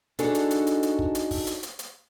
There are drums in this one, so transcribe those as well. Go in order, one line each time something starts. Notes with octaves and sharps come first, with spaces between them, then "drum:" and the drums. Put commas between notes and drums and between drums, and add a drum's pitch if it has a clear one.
D4 D#4 F#4 G#4 A4 C#5, drum: hi-hat
drum: hi-hat
drum: hi-hat
drum: hi-hat
drum: hi-hat
drum: kick
drum: hi-hat
drum: kick, open hi-hat
drum: hi-hat
drum: hi-hat
drum: hi-hat